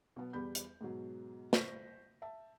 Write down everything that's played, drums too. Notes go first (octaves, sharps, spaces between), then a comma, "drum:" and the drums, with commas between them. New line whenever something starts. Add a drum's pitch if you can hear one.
B2 F#3 B3
E2 G3 B5 G6
drum: hi-hat
G#2 B2 F#3
C5 C#6 G6 A#6 B6, drum: snare
E5 A5